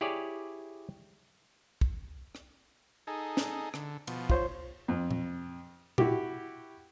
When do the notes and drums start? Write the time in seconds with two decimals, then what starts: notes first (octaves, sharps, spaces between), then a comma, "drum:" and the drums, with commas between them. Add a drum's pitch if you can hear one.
0.01 E4 G4 G#4 C#5 D5
1.81 drum: kick
2.35 drum: rim click
3.07 D#4 G#4 A4
3.37 drum: snare
3.74 D3, drum: rim click
4.07 B2 F3, drum: cymbal
4.30 F4 C5 C#5, drum: kick
4.88 F2
5.11 drum: tom A#2
5.98 E4 F#4 G4, drum: tom A#2